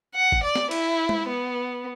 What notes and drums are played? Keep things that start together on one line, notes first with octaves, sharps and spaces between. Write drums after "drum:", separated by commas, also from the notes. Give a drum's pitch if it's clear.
F#5
drum: kick
D5
drum: snare
E4, drum: cymbal
drum: tom G#3
B3